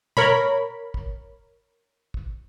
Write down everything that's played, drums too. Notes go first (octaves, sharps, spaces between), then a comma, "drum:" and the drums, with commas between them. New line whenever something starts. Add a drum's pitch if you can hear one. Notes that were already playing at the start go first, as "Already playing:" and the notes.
A#4 C#5 B5, drum: tom
drum: kick
drum: kick